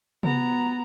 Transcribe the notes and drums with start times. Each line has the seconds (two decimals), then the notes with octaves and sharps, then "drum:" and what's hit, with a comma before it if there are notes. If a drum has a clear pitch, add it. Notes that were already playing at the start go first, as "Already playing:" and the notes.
0.23 B3 A#5, drum: tom C3